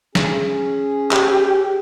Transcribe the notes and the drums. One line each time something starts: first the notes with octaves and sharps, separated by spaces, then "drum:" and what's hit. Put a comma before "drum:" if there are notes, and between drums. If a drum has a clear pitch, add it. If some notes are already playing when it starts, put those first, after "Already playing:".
C#4 G#4, drum: snare
G4, drum: clap